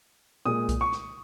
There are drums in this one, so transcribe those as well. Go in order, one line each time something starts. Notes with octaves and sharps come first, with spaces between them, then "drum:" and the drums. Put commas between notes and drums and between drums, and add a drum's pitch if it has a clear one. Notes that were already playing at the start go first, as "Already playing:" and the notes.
A#2 G#3 D#6
drum: kick B1, hi-hat
C#6
drum: snare